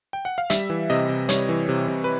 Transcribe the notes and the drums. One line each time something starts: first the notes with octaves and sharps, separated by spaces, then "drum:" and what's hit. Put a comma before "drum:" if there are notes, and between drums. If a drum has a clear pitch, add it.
G5
F#5
F5
G3 E5, drum: hi-hat
E3
C3 D#5
C3
G3 C#5, drum: hi-hat
E3
C3
C3
B4